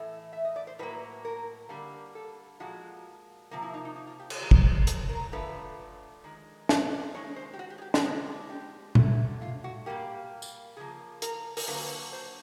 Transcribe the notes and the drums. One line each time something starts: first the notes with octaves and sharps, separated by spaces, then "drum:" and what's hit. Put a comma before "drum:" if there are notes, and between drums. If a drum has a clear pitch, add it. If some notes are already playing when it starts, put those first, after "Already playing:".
Already playing: A2 E3 A3
E5
D#5
D5
C5
A2 F#3 A#3 B4
A#4
D3 G3 A#3
A4
A#2 F3 G#3 F#4
C3 F3 A#3
E4
D#4
D#4
D#4
F4
G4
A4, drum: cymbal
C3 E3 G#3 A#4
drum: kick
A4, drum: hi-hat
A#4
D3 F3 A3 B4
D#3 G#3
D#5, drum: snare
D5
D#3 G#3 C#5
C5
G4
F#4
G4
G#4
G4
F#4, drum: snare
D3 F3 G#3
G4
D3 F#3 A3, drum: tom A#2
F4
F#4
A#2 G3 A#3 G4
drum: tambourine
C#3 F3 A#3 G#4
A#4, drum: hi-hat
A#4, drum: open hi-hat
D3 F#3 A#3 B4
C5